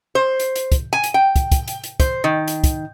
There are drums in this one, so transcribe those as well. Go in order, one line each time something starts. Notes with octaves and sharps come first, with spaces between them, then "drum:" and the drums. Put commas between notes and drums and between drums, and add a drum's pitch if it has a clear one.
C5
drum: hi-hat
drum: hi-hat
drum: kick, hi-hat
G#5
drum: hi-hat
G5
drum: kick, hi-hat
drum: kick, hi-hat
drum: hi-hat
drum: hi-hat
C5, drum: kick, hi-hat
D#3
drum: hi-hat
drum: kick, hi-hat